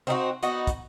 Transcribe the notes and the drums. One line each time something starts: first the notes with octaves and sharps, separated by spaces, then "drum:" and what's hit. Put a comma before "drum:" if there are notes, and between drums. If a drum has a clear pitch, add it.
C4 D#4 E4 F#4
B3 D#4 F#4, drum: hi-hat
drum: kick, hi-hat